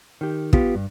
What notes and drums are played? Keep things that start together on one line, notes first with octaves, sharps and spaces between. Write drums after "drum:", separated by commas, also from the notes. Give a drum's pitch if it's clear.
D#3 G4
B3 F4 G4, drum: kick
G2